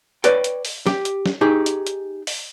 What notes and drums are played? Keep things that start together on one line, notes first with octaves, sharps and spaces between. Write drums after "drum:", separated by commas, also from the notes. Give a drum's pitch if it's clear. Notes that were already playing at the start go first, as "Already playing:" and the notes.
B4 C#5 D5 G5, drum: hi-hat
drum: hi-hat
drum: open hi-hat
G4, drum: snare
drum: hi-hat
drum: snare
D#4 G4 G#4
drum: hi-hat
drum: hi-hat
drum: open hi-hat